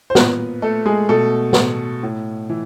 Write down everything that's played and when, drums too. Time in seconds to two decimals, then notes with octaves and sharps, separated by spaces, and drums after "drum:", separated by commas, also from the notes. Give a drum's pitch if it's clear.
0.10 C5
0.15 A#2 B3 B4, drum: snare
0.62 A3 A4
0.86 G#3 G#4
1.09 B2 A3 A4
1.53 drum: snare
2.03 A2
2.50 E3